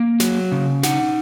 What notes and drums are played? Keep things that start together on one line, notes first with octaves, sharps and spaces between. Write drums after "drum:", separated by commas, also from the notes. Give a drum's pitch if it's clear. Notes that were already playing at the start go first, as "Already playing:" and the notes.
Already playing: A#3
F#3, drum: snare
C#3
D#4 F#5, drum: snare